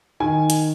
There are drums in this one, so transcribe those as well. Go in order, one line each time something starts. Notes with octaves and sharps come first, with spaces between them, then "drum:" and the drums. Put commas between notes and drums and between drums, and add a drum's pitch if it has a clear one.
D#3 G#5
drum: hi-hat